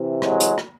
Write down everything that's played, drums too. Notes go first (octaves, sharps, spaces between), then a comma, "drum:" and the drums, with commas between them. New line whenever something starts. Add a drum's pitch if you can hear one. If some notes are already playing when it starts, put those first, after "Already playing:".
Already playing: C3 E3
F#3 G#3, drum: rim click
drum: hi-hat
drum: rim click